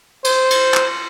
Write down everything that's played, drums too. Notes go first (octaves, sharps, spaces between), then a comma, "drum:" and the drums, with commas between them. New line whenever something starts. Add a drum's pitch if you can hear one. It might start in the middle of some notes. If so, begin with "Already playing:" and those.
C5, drum: cymbal
drum: cymbal
drum: clap